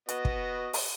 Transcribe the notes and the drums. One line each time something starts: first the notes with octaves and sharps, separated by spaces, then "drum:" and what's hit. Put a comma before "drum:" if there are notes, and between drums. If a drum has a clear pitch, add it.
B3 F#4 D#5, drum: hi-hat
drum: kick
drum: open hi-hat